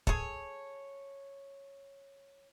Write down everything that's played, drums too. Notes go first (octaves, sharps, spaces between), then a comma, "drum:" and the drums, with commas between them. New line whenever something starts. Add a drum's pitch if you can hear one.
G#4 A4 C#5, drum: kick